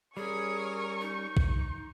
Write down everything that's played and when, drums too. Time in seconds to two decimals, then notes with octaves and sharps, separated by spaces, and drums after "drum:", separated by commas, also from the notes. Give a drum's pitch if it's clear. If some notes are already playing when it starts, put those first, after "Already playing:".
0.17 G3 C#4 G#4 A#4 C#5 G#5 C#6
1.01 D#4
1.37 drum: kick A#1